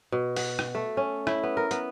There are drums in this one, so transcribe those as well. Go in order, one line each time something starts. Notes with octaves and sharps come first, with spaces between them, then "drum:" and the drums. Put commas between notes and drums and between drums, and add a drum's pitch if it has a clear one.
B2
F#5, drum: open hi-hat
drum: rim click
A3
C#4
E4, drum: rim click
B3
A#4
B3, drum: hi-hat